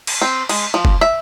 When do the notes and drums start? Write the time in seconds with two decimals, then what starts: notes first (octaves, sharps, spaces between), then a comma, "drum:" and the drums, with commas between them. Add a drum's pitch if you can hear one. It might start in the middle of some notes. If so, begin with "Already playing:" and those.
0.07 drum: cymbal
0.22 C4
0.49 G#3, drum: cymbal
0.74 F3
0.85 drum: kick
1.01 E5